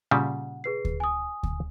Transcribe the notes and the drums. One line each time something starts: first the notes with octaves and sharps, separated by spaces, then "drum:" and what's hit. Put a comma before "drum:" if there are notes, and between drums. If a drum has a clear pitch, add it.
A#2 C#3 G3 F#5
G#4 B4 C7
drum: kick D2
G#5 D#6
drum: kick D2